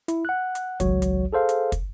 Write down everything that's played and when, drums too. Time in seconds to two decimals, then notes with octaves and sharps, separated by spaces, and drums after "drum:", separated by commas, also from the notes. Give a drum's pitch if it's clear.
0.08 E4, drum: hi-hat
0.25 F#5 F#6
0.55 drum: hi-hat
0.80 G#1 C#2 F#3 F#4 C#5, drum: kick, hi-hat
1.02 drum: hi-hat
1.33 G#4 A4 C5 F5
1.49 drum: hi-hat
1.72 drum: kick, hi-hat